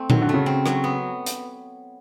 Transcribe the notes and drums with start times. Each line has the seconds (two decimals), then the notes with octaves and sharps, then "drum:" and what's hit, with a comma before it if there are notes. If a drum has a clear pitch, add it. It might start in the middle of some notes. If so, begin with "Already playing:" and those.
Already playing: A3 C4
0.10 D#3 F#3, drum: tom A#2
0.22 D3
0.29 C#3 A3
0.46 C4
0.66 F#3, drum: rim click
0.84 B3
1.26 drum: hi-hat